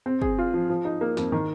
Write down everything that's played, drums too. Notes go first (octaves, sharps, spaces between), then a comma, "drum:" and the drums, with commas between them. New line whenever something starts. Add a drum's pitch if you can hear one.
C4
G#4, drum: kick
F4
F3
F3
D#4
A#3
F2, drum: snare
D#3